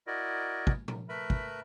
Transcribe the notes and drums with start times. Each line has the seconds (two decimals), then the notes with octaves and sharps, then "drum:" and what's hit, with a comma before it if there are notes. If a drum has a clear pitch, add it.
0.07 E4 F#4 A#4 D5 D#5
0.67 drum: kick
0.88 drum: tom A#2
1.09 A3 A#4 B4 E5 B5
1.30 drum: kick